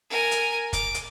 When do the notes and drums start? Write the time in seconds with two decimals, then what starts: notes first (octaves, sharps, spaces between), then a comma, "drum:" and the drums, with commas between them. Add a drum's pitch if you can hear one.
0.10 A#4 G#5
0.31 drum: hi-hat
0.73 D6, drum: kick, hi-hat
0.94 drum: hi-hat